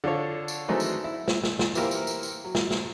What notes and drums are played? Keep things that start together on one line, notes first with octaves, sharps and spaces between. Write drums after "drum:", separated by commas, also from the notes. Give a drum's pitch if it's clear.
D3 F4 A4 C#5
drum: tambourine
D#3 E3 F#3 G#3 A3 C4
drum: tambourine
E4
drum: snare
drum: snare
drum: snare
E3 A#3 E4 G4 A#4 C5, drum: tambourine
drum: tambourine
drum: tambourine
drum: tambourine
F#3
drum: snare
drum: snare